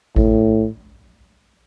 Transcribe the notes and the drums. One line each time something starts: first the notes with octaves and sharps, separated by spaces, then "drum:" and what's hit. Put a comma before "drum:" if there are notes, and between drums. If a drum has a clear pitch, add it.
A2, drum: kick G#1